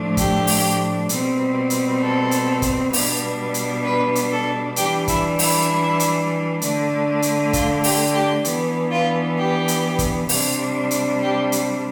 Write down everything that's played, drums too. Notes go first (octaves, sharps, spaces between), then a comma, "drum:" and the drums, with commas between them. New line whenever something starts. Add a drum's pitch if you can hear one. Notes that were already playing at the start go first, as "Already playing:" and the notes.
Already playing: A2 F3 A3 D4
G4, drum: kick, hi-hat
drum: open hi-hat
B2 G3 C4, drum: hi-hat
drum: hi-hat
A4
drum: hi-hat
drum: kick, hi-hat
B2 G3 B3 D4, drum: open hi-hat
drum: hi-hat
B4
drum: hi-hat
A4
E3 G3 D4 G4, drum: hi-hat
E4, drum: kick, hi-hat
E4, drum: open hi-hat
drum: hi-hat
D3 A3 D4, drum: hi-hat
drum: hi-hat
F4, drum: kick, hi-hat
G4, drum: open hi-hat
G4
E3 B3 D4, drum: hi-hat
F4
G4
drum: hi-hat
drum: kick, hi-hat
C3 G3 D4, drum: open hi-hat
drum: hi-hat
G4
drum: hi-hat